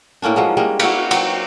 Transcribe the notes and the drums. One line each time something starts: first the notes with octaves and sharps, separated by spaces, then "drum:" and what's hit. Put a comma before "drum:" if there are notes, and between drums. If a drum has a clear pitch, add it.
A2 A#3 C#4 D4
F3 F#3 G#3
G3 G#3 A#3
A#3 E4 F#4, drum: cymbal
F#3 C4, drum: cymbal